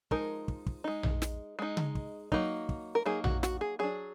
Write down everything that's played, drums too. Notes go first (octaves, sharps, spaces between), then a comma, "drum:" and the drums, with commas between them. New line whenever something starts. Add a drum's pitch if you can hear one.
F3 G#3 D#4 A#4, drum: kick
drum: kick
drum: kick
G#3 D#4
drum: tom A#1
drum: snare
G#3 D#4
drum: tom C#3
drum: kick
F#3 A#3 D#4, drum: kick
drum: kick
A#4
F#3 A#3 D#4 G#4
F#4, drum: tom A#1
F#4, drum: snare
G#4
F#3 D4 G#4